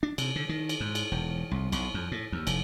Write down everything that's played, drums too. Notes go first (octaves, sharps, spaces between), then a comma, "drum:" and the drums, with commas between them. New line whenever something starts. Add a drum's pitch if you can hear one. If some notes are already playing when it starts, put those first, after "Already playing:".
D4
C3, drum: cymbal
D3
D#3
drum: cymbal
G#2
drum: cymbal
E1
C2
B1, drum: cymbal
F2
A2
D#2
F1, drum: cymbal